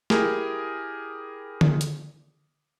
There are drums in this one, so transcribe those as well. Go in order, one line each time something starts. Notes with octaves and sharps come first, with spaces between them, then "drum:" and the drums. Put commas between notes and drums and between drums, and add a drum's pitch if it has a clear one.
E4 G4 G#4 A#4, drum: snare
drum: tom D3
drum: hi-hat